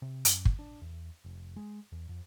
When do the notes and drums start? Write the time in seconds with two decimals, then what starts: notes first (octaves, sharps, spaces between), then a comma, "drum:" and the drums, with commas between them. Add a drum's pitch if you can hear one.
0.02 C3
0.25 F#2, drum: hi-hat
0.45 drum: kick
0.59 D4
0.81 E2
1.25 F1
1.56 G#3
1.92 E2
2.09 F2